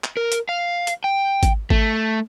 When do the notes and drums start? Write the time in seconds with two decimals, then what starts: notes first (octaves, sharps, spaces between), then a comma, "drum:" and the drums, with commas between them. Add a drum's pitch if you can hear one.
0.04 drum: clap
0.17 A#4
0.32 drum: hi-hat
0.49 F5
0.87 drum: hi-hat
1.04 G5
1.43 drum: kick G#1, hi-hat
1.70 A3, drum: kick G#1